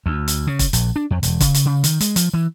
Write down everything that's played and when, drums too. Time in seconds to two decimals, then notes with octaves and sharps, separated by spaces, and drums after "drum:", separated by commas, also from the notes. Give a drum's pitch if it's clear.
0.06 D2
0.28 drum: hi-hat
0.47 C#3
0.59 drum: kick, hi-hat
0.73 A#1, drum: hi-hat
0.96 D4
1.11 F2
1.23 E1, drum: hi-hat
1.40 C#3, drum: kick, hi-hat
1.54 drum: hi-hat
1.66 C#3
1.84 D#3, drum: hi-hat
2.00 G#3, drum: hi-hat
2.16 F3, drum: hi-hat
2.34 E3